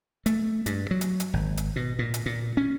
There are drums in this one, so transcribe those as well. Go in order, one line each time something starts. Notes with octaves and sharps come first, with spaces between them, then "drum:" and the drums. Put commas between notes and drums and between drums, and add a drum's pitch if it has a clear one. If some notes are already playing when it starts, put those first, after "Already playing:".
A3, drum: hi-hat
G2, drum: hi-hat
F#3
drum: hi-hat
drum: hi-hat
G#1
drum: hi-hat
B2
A#2
drum: hi-hat
A#2
C#4